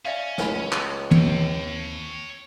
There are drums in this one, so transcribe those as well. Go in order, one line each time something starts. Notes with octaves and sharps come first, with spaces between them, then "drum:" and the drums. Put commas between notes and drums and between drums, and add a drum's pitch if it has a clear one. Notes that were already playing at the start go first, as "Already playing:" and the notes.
C#4 D5 E5 F5
C#2 A3 G#5 B5, drum: snare
drum: clap
D#2 G3 C4 C#5 G5, drum: tom